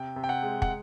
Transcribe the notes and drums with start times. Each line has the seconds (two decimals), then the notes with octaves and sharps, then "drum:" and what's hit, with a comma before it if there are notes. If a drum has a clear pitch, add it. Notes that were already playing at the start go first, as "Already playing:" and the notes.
Already playing: C3 G5
0.16 C3
0.24 G5
0.29 F#5
0.43 G#3
0.62 F#5, drum: kick